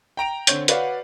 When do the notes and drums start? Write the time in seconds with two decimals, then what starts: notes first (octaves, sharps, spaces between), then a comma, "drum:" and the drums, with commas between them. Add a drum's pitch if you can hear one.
0.17 G5 A#5 D7 F7
0.47 D3 C4 C#5 G6, drum: hi-hat
0.68 F#4 B4 C#5 D5 F5 F#5, drum: hi-hat